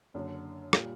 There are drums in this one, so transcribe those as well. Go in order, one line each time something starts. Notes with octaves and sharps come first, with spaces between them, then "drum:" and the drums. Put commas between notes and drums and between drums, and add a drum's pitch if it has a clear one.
F#1 F#2 D3
A#2 G3, drum: rim click